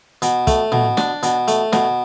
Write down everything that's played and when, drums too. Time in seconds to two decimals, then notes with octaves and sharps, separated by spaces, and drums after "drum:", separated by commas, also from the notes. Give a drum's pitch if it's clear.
0.22 B2, drum: hi-hat
0.47 A3, drum: kick, hi-hat
0.72 B2, drum: tom
0.97 D4, drum: snare
1.23 B2, drum: hi-hat
1.48 A3, drum: hi-hat
1.73 B2, drum: snare